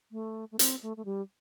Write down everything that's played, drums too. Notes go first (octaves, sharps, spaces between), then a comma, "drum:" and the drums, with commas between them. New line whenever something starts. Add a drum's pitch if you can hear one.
A3
A3
C4, drum: hi-hat
A3
A3
G3